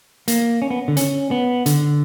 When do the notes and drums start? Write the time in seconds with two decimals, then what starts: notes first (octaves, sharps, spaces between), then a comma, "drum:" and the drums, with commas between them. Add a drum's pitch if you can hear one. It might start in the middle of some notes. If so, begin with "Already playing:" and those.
0.28 A#3, drum: hi-hat
0.62 C#4
0.70 B3
0.88 D3
0.97 C#4, drum: hi-hat
1.31 B3
1.66 D3, drum: hi-hat